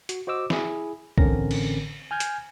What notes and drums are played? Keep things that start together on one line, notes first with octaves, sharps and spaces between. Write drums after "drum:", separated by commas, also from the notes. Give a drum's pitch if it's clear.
F#4, drum: hi-hat
F#4 C5 D#5 D6 E6
E4 G#4, drum: snare
A1 D3 C4 C#4 A#4 A#6, drum: kick B1
drum: cymbal
G#5 F6 G6 G#6
drum: hi-hat